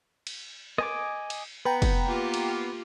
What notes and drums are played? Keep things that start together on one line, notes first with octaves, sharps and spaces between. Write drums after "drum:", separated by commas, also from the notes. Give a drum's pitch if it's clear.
drum: cymbal
D#5 G#5 D6, drum: rim click
drum: cymbal
B3 B4 G5 A#5
drum: kick, cymbal
A#3 F4 G4
drum: cymbal